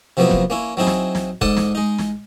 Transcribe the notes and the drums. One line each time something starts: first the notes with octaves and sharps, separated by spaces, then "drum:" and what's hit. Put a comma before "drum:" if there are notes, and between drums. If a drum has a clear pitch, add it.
C3 F3 F#3 A#3 B3 E4
drum: kick F1
A#3 C#4 E4
F#3 C4 D#4 E4 G#4
drum: snare
drum: snare
G#2 A4 D5 F#5 A5 D#6, drum: kick F1
drum: snare
G#3 D#4
drum: snare